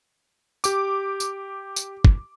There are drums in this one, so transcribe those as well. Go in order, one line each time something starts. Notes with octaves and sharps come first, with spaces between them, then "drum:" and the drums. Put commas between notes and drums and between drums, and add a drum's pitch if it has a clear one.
G4 D6, drum: tambourine
drum: tambourine
drum: tambourine
drum: kick